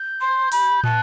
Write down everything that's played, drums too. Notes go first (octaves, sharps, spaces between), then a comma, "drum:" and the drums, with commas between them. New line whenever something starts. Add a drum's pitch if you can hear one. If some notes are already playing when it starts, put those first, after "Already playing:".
Already playing: G6
C6
B5, drum: open hi-hat
A5 F#6, drum: tom